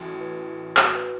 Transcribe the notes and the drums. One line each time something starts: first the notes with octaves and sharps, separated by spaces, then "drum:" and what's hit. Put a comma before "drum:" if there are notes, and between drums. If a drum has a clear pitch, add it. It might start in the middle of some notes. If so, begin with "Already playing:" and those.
Already playing: A1 A2 E3 F#4
B4
F#4, drum: clap
B4